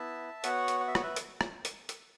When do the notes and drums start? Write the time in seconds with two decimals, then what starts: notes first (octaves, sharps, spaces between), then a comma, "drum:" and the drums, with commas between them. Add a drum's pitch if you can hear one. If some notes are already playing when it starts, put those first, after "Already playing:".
Already playing: B3 E4 E5 A5
0.44 B3 F#4 C#5 F#5, drum: hi-hat
0.68 drum: hi-hat
0.80 F#5
0.88 E5
0.95 C#5, drum: rim click
1.03 B4 E5
1.16 drum: hi-hat
1.41 drum: rim click
1.65 drum: hi-hat
1.89 drum: hi-hat